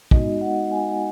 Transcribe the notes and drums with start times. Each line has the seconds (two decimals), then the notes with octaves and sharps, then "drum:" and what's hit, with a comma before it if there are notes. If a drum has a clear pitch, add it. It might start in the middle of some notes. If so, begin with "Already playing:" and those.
0.11 G#3 B3 D#4 F#4 D#5, drum: kick
0.41 F#5
0.71 G#5